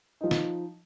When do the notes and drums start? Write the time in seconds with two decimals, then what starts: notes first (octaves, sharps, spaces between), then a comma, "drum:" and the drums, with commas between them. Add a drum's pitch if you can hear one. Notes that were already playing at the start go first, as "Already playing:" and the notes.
0.21 F3 D#4
0.31 drum: snare